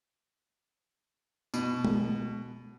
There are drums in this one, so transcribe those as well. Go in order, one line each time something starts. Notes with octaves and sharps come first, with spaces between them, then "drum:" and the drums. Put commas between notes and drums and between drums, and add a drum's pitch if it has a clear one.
B2, drum: tambourine
drum: tom